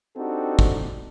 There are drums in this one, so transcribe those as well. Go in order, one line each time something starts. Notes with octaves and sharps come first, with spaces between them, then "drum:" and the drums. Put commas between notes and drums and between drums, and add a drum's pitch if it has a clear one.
C4 D4 D#4 F#4 G4 A4
drum: kick